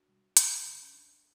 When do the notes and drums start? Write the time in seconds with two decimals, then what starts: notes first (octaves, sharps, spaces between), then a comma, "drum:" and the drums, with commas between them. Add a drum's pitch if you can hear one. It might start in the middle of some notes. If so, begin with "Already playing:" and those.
Already playing: D4 F#4
0.08 B2 G3
0.37 D2, drum: hi-hat
0.65 C#3 F#3
0.83 C#4
0.94 D2 D4